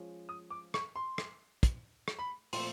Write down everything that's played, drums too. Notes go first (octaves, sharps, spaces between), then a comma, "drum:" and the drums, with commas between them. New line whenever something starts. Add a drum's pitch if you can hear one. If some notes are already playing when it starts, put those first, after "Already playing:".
Already playing: F3 G#3 C#4
D#6
D6
C#6, drum: rim click
C6
drum: rim click
drum: kick, hi-hat
drum: rim click
B5
A#2 F3 A3 C4 C6, drum: open hi-hat